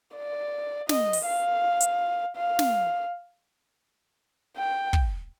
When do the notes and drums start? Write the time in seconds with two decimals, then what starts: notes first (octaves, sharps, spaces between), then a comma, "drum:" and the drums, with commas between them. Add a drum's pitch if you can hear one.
0.16 D5
0.89 D#5, drum: snare
1.13 drum: open hi-hat
1.26 F5
1.81 drum: hi-hat
2.36 F5
2.59 drum: snare
4.57 G5
4.93 drum: kick